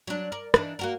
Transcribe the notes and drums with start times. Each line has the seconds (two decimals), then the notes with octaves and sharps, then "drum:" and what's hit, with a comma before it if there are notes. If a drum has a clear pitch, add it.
0.07 F#3 D4
0.32 A#4 D5
0.54 E3 D4 D#4, drum: rim click
0.79 A#3 F#4 A#4